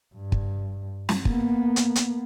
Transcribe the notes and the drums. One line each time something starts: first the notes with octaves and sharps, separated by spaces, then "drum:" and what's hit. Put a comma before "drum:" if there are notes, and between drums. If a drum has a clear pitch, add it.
G2
drum: kick
drum: snare
A#3 B3, drum: kick
drum: hi-hat
drum: hi-hat